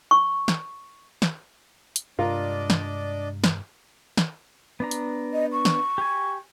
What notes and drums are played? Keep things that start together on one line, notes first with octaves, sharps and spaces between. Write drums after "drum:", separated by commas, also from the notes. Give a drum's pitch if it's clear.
C#6
drum: snare
drum: snare
drum: hi-hat
G2 C3 G#3 D4 F4 A#4 D5 D#5
drum: snare
drum: snare
drum: snare
B3 D4 A#5
drum: hi-hat
D#5
C#6
drum: snare
G4 G#5